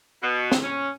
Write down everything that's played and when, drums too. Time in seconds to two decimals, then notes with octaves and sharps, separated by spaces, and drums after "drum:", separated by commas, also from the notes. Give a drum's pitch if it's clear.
0.23 B2
0.52 drum: snare
0.63 C#4